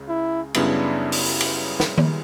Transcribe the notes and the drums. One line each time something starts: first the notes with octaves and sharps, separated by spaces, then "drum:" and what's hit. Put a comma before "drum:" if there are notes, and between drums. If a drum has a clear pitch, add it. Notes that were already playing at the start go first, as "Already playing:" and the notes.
Already playing: C#2 C#3
E4
F#2 C#3 G3 B3 D4 E4, drum: cymbal
drum: open hi-hat
drum: cymbal
drum: snare
drum: tom D#3